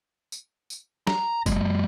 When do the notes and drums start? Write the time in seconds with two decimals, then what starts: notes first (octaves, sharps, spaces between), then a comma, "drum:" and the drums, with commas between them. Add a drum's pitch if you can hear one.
0.32 drum: tambourine
0.70 drum: tambourine
1.07 A#5, drum: snare
1.46 F#2 F#3 G#3, drum: kick, tambourine